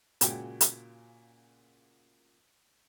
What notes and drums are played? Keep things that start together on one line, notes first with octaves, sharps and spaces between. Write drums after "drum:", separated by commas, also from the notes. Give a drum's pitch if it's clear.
A#2 C#3 G#3 F#4 G5, drum: hi-hat
drum: hi-hat